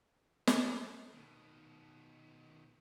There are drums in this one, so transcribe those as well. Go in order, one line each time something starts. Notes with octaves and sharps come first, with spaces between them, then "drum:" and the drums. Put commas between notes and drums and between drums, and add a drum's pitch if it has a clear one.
drum: snare
B2 D#3